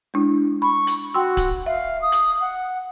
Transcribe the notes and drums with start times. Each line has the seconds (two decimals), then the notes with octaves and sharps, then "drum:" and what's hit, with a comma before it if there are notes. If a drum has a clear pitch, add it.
0.14 G#3 D4 E4
0.62 B5 C#6
0.87 drum: hi-hat
1.14 F#4 G5 C6 E6
1.37 drum: kick D1, hi-hat
1.66 E5 F5
2.02 D#6
2.12 drum: hi-hat
2.41 F#5